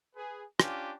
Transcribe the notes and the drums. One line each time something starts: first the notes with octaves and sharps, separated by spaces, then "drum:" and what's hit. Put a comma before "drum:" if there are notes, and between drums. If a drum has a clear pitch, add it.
G#4 B4
C#4 D4 F4 G4, drum: rim click